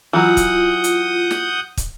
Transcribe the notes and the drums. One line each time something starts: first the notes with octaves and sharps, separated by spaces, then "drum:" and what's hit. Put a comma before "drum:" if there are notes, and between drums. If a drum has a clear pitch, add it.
E3 F#3 F4 F#5 D#6 G6
drum: kick, hi-hat
drum: hi-hat
drum: snare
drum: kick, hi-hat